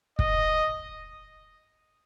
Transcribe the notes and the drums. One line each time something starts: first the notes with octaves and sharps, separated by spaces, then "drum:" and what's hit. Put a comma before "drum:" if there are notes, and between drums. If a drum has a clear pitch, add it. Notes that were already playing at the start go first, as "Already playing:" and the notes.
D#5, drum: kick